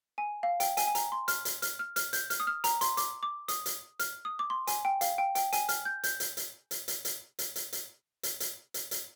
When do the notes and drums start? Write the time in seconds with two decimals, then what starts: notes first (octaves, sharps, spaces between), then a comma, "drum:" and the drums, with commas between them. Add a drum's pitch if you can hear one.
0.18 G#5
0.43 F5
0.60 G5, drum: hi-hat
0.77 G#5, drum: hi-hat
0.87 G#5
0.95 A#5, drum: hi-hat
1.12 C6
1.28 F6, drum: hi-hat
1.45 drum: hi-hat
1.62 F6, drum: hi-hat
1.79 F6
1.96 F6, drum: hi-hat
2.13 G6, drum: hi-hat
2.30 F6, drum: hi-hat
2.40 D#6
2.47 F6
2.64 A#5, drum: hi-hat
2.81 C6, drum: hi-hat
2.97 D6, drum: hi-hat
3.23 D6
3.48 D#6, drum: hi-hat
3.66 drum: hi-hat
4.00 F6, drum: hi-hat
4.25 D#6
4.39 D6
4.50 C6
4.67 G#5, drum: hi-hat
4.85 G5
5.01 F5, drum: hi-hat
5.18 G5
5.35 G5, drum: hi-hat
5.53 G#5, drum: hi-hat
5.69 F6, drum: hi-hat
5.85 G6
6.04 G6, drum: hi-hat
6.20 drum: hi-hat
6.37 drum: hi-hat
6.71 drum: hi-hat
6.88 drum: hi-hat
7.05 drum: hi-hat
7.39 drum: hi-hat
7.56 drum: hi-hat
7.73 drum: hi-hat
8.23 drum: hi-hat
8.40 drum: hi-hat
8.74 drum: hi-hat
8.91 drum: hi-hat